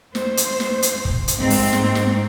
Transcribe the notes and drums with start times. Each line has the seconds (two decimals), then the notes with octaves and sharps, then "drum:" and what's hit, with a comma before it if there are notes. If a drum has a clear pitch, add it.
0.15 C5, drum: snare
0.37 drum: hi-hat
0.60 drum: snare
0.82 drum: hi-hat
1.05 drum: kick
1.28 drum: hi-hat
1.39 G#2 C4
1.50 drum: open hi-hat
1.73 drum: snare
1.95 drum: snare